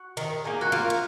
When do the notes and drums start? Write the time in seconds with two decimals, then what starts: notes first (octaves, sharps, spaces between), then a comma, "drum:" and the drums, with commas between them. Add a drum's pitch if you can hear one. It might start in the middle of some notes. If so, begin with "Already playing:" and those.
Already playing: F#4
0.17 D#3, drum: cymbal
0.44 A#3 D#4 G#4
0.61 F#4
0.72 A#3 F4, drum: cymbal
0.90 drum: cymbal